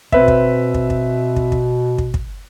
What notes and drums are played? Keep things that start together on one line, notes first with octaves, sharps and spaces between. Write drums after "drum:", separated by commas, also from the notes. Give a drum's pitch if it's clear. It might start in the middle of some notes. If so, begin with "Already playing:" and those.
B2 C4 B4 E5, drum: kick
drum: kick
drum: kick
drum: kick
drum: kick
drum: kick
drum: kick
drum: kick